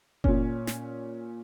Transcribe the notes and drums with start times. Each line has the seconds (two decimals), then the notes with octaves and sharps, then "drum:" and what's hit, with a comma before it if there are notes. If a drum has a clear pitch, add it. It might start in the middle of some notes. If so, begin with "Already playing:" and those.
0.24 A#2 C#4, drum: kick F#1
0.67 drum: snare